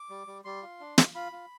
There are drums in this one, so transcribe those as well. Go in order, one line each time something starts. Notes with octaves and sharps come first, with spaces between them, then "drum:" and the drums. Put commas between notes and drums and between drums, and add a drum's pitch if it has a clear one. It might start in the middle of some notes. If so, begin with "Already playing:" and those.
Already playing: D6
G3
G3
G3 C6
F4
D4
F4, drum: snare
F4 B5
F4